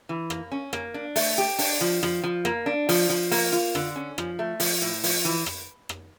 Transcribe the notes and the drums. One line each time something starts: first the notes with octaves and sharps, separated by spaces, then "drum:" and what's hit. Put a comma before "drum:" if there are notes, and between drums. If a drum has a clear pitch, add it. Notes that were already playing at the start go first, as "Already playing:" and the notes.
E3
A#3, drum: rim click
C#4
A#3, drum: rim click
D4
A3, drum: open hi-hat
G4
D4, drum: open hi-hat
F3
F3, drum: rim click
F3
A#3, drum: rim click
D4
F3, drum: open hi-hat
F3
A#3, drum: open hi-hat
F4
D3, drum: rim click
C#4
F3, drum: rim click
A3
F3, drum: open hi-hat
A2
F3, drum: open hi-hat
E3
drum: rim click
drum: rim click